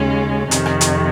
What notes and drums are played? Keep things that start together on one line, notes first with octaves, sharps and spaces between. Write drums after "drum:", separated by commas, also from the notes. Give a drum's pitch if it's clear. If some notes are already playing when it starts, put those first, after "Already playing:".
Already playing: D#2 C#3 G#3 C#4
F2 C3 D#3, drum: hi-hat
drum: rim click
drum: hi-hat